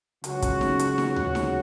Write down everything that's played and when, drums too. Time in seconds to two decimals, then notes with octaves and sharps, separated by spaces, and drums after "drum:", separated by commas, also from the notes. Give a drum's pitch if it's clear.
0.24 C#2 C#3 F#3 C#4 F#4, drum: hi-hat
0.42 drum: kick, hi-hat
0.61 drum: snare D#4
0.79 drum: hi-hat
0.98 drum: snare D#4
1.16 drum: tom D2
1.35 drum: snare D#4